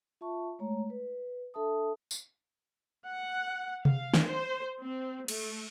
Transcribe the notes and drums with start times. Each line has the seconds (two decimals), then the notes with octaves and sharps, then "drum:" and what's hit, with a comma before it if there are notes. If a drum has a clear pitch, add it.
0.21 F4 E5 A5 C#6
0.59 G#3 A3 C#5 A#5
0.90 B4
1.54 D4 A4 E5 A5 D#6
2.11 drum: tambourine
3.06 F#5
3.85 F5, drum: tom C3
4.14 drum: snare
4.24 C5
4.81 C4
5.28 A3, drum: cymbal